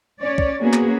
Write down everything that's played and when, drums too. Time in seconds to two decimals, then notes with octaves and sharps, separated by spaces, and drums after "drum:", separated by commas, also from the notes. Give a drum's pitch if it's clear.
0.21 C#4 C#5 D5
0.38 drum: kick
0.61 A#3 B3 C#4 F#4 G#4
0.73 drum: clap